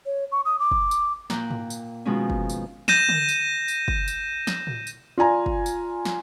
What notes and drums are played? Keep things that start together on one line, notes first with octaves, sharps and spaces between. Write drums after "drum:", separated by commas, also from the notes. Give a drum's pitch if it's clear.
C#5
C#6
D#6
D6
drum: kick
drum: tambourine
A#2 G5 A#5 F#6 G6, drum: snare
drum: tom G#2
drum: tambourine
B2 D#3 F3 G#3 C4 C#4
drum: kick
drum: tambourine
G6 A#6 D#7 E7, drum: snare
drum: tom D3
drum: tambourine
drum: tambourine
drum: kick
drum: tambourine
drum: snare
drum: tom A2
drum: tambourine
F4 D5 G#5 A#5
drum: kick
drum: tambourine
drum: snare